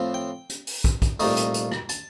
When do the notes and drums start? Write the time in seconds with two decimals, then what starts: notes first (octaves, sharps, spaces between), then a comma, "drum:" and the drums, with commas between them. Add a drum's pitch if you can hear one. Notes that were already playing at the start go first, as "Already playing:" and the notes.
Already playing: A2 F3 C4
0.14 G5
0.50 drum: hi-hat
0.67 drum: open hi-hat
0.84 drum: kick, hi-hat
1.02 drum: kick, hi-hat
1.20 C2 A#2 A3 D#4, drum: open hi-hat
1.37 drum: hi-hat
1.54 drum: hi-hat
1.72 drum: rim click
1.89 A5, drum: hi-hat